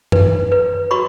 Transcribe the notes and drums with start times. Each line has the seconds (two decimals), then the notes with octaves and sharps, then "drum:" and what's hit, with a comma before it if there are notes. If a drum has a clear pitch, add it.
0.12 B4, drum: tom F#2
0.52 B4
0.91 F#4 B5 C#6